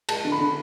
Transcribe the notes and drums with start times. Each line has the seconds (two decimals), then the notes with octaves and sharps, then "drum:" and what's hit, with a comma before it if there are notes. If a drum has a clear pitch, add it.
0.09 G#3 A5, drum: cymbal
0.25 D3
0.32 B5
0.39 D3